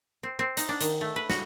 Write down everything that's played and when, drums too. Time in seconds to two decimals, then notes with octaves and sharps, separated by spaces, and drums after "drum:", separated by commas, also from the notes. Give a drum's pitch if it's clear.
0.23 C4
0.39 C4
0.57 D#4, drum: hi-hat
0.69 D4
0.81 D#3, drum: hi-hat
1.01 A3
1.16 B4
1.29 F#4, drum: snare